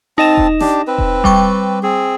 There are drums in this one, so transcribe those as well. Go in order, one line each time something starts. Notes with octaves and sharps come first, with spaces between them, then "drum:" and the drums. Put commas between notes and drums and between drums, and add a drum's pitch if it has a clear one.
C4 D#4 D#5 A5 E7
drum: kick E1
D4 G4, drum: snare
C4 B4
drum: kick E1
G3 G5 C#6, drum: kick E1
C4 G#4